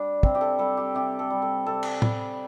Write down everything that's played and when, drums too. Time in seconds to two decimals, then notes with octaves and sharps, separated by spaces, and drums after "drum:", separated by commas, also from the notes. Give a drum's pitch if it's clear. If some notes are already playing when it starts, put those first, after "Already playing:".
Already playing: G3 D4
0.23 C3 C4, drum: kick
0.35 G4
0.41 A4
0.59 G3 A4
0.77 G4
0.95 C3 G4
1.19 A4
1.30 G3
1.42 A4
1.66 C3 A4
1.83 drum: cymbal
2.02 G3, drum: tom